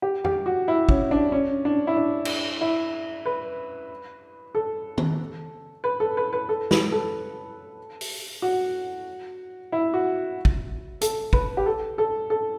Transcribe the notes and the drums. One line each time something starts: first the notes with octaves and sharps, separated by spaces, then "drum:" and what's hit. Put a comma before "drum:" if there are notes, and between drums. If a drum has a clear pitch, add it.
G4
G4, drum: tom F2
F#4
E4
C#4, drum: kick
D4
C#4
D4
E4
D4
drum: cymbal
E4
B4
A4
drum: tom
B4
A4
B4
B4
A4
B4, drum: snare
A4
drum: open hi-hat
F#4
E4
F#4
drum: kick
A4, drum: hi-hat
B4, drum: kick
G4
A4
A4
A4